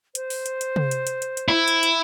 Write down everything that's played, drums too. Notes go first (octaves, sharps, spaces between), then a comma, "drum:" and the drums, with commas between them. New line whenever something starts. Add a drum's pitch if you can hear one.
C5, drum: hi-hat
drum: open hi-hat
drum: hi-hat
drum: hi-hat
drum: tom C3
drum: hi-hat
drum: hi-hat
drum: hi-hat
drum: hi-hat
E4
drum: hi-hat
drum: hi-hat